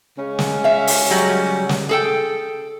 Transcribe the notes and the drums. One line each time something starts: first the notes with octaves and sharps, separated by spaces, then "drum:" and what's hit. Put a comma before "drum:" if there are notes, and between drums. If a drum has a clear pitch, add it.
C#3 G#3 C#4
drum: snare
E5 F5
drum: open hi-hat
F#3 G3
drum: snare
G#4 A4 G5